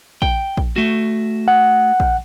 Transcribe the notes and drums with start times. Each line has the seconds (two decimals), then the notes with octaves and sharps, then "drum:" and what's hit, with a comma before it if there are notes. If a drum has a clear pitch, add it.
0.22 G5, drum: kick A#1
0.57 drum: kick A#1
0.76 A3 F#4
1.48 F#5
2.00 drum: kick A#1